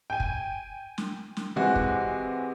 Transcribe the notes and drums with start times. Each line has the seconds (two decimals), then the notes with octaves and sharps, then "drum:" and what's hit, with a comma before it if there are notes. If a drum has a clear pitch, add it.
0.10 G5 G#5
0.20 drum: kick
0.98 drum: snare
1.37 drum: snare
1.56 C3 E3 G#3 F#4
1.75 drum: kick